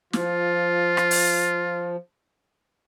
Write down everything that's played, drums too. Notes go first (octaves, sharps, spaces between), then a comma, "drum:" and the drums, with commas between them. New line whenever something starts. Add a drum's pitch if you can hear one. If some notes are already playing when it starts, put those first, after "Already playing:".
F3 F4, drum: snare
drum: rim click
drum: open hi-hat